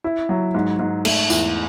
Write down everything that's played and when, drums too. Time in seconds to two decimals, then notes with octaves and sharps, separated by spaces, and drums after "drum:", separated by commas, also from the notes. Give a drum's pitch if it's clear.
0.04 E4
0.29 F#3
0.54 G#2
0.79 G#2
1.05 A3, drum: cymbal
1.30 E2, drum: tambourine